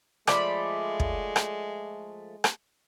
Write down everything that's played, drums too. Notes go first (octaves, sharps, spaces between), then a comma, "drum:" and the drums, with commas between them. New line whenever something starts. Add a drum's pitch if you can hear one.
F3 G#3 A3 D5 B5, drum: rim click
drum: kick
drum: rim click
drum: rim click